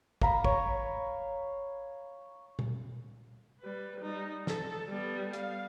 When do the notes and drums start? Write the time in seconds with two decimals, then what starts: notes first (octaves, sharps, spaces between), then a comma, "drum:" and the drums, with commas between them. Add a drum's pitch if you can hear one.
0.22 F5 A#5 B5, drum: kick
0.44 C#5, drum: kick
2.59 drum: tom A#2
3.61 G3 B4
4.01 G3 D#4
4.47 A4, drum: snare
4.89 G3 B3
5.33 F5, drum: hi-hat